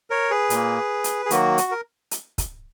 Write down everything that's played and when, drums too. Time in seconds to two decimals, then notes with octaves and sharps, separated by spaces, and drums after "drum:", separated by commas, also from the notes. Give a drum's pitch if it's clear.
0.10 A#4 C#5
0.31 G#4 B4
0.50 A#2 A#3, drum: hi-hat
1.04 drum: hi-hat
1.26 G#4
1.31 D#3 F#3 A#3 F#4, drum: hi-hat
1.58 drum: hi-hat
1.71 A#4
2.11 drum: hi-hat
2.38 drum: kick, hi-hat